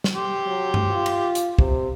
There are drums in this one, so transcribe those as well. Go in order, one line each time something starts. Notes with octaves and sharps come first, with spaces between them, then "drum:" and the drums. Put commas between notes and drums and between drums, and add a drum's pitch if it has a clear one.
drum: snare
G4 C6
F#3
drum: tom G2
F4
drum: cymbal
drum: hi-hat
C3, drum: kick